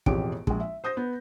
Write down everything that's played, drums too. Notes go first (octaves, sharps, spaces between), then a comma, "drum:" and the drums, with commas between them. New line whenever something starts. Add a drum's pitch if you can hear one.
E1 A1 F2 G4 D7, drum: kick
A#1 G#3, drum: kick
E5
C5 D#6 G6 A#6
B3